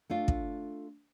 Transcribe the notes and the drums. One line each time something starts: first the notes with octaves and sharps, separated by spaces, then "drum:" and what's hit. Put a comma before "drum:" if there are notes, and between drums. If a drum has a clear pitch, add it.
A3 D4 F4
drum: kick